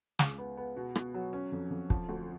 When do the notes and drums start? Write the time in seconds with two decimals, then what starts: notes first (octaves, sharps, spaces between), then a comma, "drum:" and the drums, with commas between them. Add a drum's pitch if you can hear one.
0.19 C#2, drum: snare
0.38 B3
0.57 B3
0.76 B2
0.95 B2, drum: rim click
1.14 F#3
1.33 C#4
1.52 F2
1.71 F2
1.90 F3, drum: kick
2.09 D2